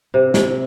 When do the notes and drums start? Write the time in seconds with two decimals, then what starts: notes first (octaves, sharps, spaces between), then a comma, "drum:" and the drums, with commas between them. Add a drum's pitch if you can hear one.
0.14 C3
0.34 C3, drum: snare